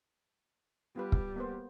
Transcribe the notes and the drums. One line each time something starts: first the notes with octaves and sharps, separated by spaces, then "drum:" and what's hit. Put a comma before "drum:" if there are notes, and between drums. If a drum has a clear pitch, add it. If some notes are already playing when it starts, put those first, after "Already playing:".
G3 B3 F4 B4
drum: kick
A#3 B3 C5